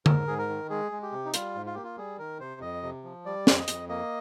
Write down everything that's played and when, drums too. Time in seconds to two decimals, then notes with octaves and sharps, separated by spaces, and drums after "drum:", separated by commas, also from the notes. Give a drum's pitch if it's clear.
0.06 G#2 A#4, drum: tom D3
0.27 G#2 G#4
0.38 A#4
0.49 D#3
0.70 G#3 G#4
0.92 G#3
1.03 G4
1.12 C3
1.25 D#4
1.34 G3 F4, drum: hi-hat
1.55 G#2
1.66 F4
1.74 A#3 G4
1.84 F4
1.98 G3 G#4
2.19 D#3 A#4
2.40 C3 C5
2.61 F2 D#5
2.83 C3
3.04 F3
3.26 G3 D5
3.47 F2, drum: snare
3.57 D#5
3.68 F2, drum: hi-hat
3.89 A#3 D#5